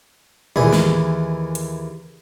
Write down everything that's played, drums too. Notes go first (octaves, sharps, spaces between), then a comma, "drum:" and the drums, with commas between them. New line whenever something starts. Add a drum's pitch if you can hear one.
D#2 E3 G#4, drum: tom A2
drum: snare
drum: hi-hat